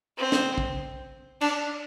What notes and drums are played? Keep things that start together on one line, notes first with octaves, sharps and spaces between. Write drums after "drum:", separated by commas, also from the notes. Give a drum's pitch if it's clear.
C4
drum: snare
drum: kick
D4, drum: cymbal